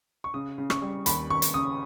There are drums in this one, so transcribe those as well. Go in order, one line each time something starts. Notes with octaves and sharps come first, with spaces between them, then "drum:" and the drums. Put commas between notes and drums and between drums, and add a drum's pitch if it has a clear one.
C#6
C#3 D#6
C#3
C#6, drum: rim click
G3
D#2 B5, drum: hi-hat
D#2 C#6
drum: hi-hat
C#3 D#6